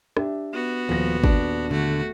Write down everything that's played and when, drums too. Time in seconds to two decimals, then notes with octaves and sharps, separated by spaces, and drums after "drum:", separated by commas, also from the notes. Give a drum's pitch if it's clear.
0.17 D4 G4 E5, drum: rim click
0.53 B3 F#4
0.89 D#1 F3 A#6
1.24 D4, drum: kick G#1
1.71 D3 A3 F#4